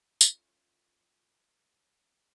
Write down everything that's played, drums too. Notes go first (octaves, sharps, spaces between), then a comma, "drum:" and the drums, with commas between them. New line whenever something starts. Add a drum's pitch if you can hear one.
A3 C#4 F4, drum: tambourine